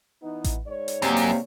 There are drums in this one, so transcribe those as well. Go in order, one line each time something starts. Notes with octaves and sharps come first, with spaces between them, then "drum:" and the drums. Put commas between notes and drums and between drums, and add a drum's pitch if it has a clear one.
E3 B3 D#4
drum: kick A1, hi-hat
G#2 C#5 D5
drum: hi-hat
F#2 C3 A#3, drum: hi-hat
drum: open hi-hat